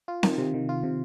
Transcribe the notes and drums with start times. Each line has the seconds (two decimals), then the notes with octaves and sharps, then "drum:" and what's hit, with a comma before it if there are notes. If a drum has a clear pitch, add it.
0.08 F4
0.23 D#3, drum: snare C4
0.38 C3
0.54 D#3
0.69 F4
0.83 C3